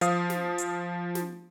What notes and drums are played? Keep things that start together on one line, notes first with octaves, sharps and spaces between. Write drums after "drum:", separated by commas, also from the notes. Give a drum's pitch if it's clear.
F3 F5 D#6, drum: hi-hat
drum: snare
drum: hi-hat
drum: snare